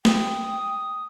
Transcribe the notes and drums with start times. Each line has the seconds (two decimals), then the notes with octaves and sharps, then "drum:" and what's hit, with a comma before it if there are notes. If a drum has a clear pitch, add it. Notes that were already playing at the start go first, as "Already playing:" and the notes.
0.05 G5 D#6, drum: snare